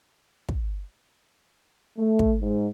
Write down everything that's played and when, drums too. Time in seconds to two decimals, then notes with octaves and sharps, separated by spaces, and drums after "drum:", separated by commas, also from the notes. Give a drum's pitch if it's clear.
0.49 drum: kick
1.98 A3
2.19 drum: kick
2.41 G#2